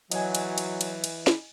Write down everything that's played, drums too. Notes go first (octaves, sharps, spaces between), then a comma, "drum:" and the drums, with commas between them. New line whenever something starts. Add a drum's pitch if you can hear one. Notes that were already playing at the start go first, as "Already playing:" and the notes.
E3 F#3 D#5 G#5, drum: cymbal
drum: cymbal
drum: cymbal
drum: cymbal
drum: cymbal
drum: snare